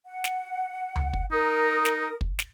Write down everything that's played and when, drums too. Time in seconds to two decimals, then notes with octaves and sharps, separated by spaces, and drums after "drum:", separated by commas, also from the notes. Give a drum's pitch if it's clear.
0.06 F#5
0.24 drum: snare
0.96 drum: tom C#2
1.13 drum: kick
1.31 D#4 A#4 D#6
1.85 drum: snare
2.21 drum: kick
2.39 drum: snare